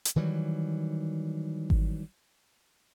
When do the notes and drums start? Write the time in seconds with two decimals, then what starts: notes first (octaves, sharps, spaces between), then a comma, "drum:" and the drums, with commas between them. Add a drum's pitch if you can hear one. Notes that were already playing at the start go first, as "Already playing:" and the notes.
0.05 drum: hi-hat
0.16 D#3 E3 F#3 G3
1.70 drum: kick G#1